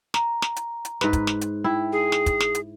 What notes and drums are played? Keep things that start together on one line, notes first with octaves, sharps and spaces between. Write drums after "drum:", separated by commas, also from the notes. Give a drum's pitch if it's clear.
A#5, drum: snare
drum: snare
drum: hi-hat
drum: hi-hat
G#2 B4, drum: snare
drum: kick, hi-hat
drum: snare
drum: hi-hat
E4 G5
G#4
drum: snare
drum: kick, hi-hat
drum: snare
drum: hi-hat